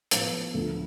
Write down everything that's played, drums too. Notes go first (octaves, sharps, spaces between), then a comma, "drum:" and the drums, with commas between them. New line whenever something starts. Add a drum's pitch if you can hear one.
A2 F3 B3 F5, drum: hi-hat
D2 D3 F3 A3